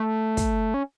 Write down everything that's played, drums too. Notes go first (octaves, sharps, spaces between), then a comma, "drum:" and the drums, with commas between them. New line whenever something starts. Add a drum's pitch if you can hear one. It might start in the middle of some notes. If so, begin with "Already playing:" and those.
Already playing: A3
drum: kick, hi-hat
C#4